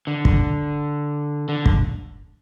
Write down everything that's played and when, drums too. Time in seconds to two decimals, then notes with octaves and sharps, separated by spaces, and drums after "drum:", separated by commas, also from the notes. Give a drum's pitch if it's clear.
0.07 D3
0.25 drum: kick
1.49 D3
1.66 drum: kick